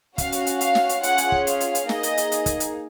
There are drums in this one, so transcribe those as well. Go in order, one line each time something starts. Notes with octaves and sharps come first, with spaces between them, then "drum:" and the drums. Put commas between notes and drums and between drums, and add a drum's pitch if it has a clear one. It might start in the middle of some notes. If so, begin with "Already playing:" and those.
C#4 F#4 F5, drum: kick, hi-hat
drum: hi-hat
drum: hi-hat
F5, drum: hi-hat
drum: snare
drum: hi-hat
C#4 F4 G#4 F#5, drum: hi-hat
drum: hi-hat
drum: kick
F5, drum: hi-hat
drum: hi-hat
drum: hi-hat
A#3 D#4 G#4 D#5, drum: snare
drum: hi-hat
drum: hi-hat
drum: hi-hat
drum: kick, hi-hat
drum: hi-hat